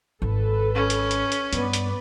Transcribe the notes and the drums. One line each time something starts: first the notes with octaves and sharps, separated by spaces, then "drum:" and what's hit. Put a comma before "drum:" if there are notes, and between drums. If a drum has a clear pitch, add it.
G#1 A4 B4
C#4
drum: hi-hat
drum: hi-hat
drum: hi-hat
G2 B3 B4 D5, drum: hi-hat
drum: hi-hat